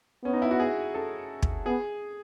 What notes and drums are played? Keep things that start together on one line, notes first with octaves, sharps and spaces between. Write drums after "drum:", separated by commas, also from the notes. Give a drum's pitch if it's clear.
B3 C#4
D#4
E4
F#4
G#4
A4
drum: kick
B3 G#4